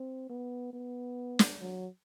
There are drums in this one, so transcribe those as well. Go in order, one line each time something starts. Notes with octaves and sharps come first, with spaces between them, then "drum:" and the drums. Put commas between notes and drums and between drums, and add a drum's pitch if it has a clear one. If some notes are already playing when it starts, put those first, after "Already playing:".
Already playing: C4
B3
B3
drum: snare
F#3